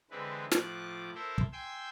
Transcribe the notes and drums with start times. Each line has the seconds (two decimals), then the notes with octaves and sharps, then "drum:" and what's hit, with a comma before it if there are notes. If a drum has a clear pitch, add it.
0.11 D3 E3 G#3 C4 B4
0.51 A2 F3 D6 F#6, drum: snare
1.15 E4 A4 A#4 C5 E5
1.38 drum: kick
1.53 G5 G#5 C6 E6 G6